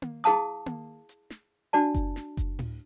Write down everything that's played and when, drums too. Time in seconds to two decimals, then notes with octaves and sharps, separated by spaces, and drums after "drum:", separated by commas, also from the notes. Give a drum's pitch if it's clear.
0.02 drum: tom A#3
0.24 E4 G#4 F5 A5 D#6, drum: hi-hat
0.66 drum: tom A#3
1.09 drum: hi-hat
1.30 drum: snare
1.73 D4 F#4 D5 A5
1.95 drum: kick F#1, hi-hat
2.16 drum: snare
2.37 drum: kick F#1, hi-hat
2.59 drum: tom A2